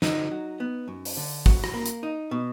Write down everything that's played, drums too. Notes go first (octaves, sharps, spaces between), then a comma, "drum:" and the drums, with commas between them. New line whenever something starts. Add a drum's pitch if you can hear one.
D3 D#4, drum: snare
F#3
B3
F#2
drum: open hi-hat
D3
F#3, drum: kick
drum: rim click
A#3
drum: hi-hat
D#4
B2